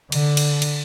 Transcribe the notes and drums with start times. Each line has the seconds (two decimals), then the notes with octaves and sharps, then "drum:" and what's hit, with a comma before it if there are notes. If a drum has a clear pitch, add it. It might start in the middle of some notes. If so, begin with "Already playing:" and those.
0.12 D3, drum: cymbal
0.37 drum: cymbal
0.62 drum: cymbal